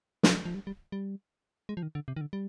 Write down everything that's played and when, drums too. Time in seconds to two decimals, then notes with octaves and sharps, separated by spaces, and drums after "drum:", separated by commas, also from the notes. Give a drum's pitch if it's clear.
0.23 drum: snare
0.45 F3
0.55 G3
0.67 G3
0.92 G3
1.69 G#3
1.77 F3
1.83 D#3
1.95 D3
2.08 C3
2.16 D#3
2.21 D3
2.33 G3